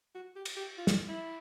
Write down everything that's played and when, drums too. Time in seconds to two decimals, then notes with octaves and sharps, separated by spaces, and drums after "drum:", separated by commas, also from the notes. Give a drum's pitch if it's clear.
0.15 F#4
0.36 G4
0.45 drum: cymbal
0.56 G4
0.78 F4
0.87 drum: snare
1.09 E4